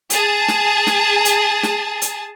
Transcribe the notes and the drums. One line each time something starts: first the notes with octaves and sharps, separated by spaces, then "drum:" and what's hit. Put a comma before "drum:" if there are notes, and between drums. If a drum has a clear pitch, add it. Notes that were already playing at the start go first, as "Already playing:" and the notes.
G#4 A5, drum: hi-hat
drum: snare
drum: snare
drum: hi-hat
drum: snare
drum: hi-hat